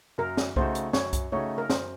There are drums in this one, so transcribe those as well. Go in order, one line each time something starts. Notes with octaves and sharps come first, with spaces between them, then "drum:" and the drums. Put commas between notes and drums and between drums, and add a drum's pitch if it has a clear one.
F#2 A#4
drum: snare
C#3 A3 D#4 F#4 C5, drum: kick C2
drum: hi-hat
F#2 C#5, drum: snare
drum: kick C2, hi-hat
C#3 A3 D#4 F#4 C#5
A#4
F#2 C5, drum: snare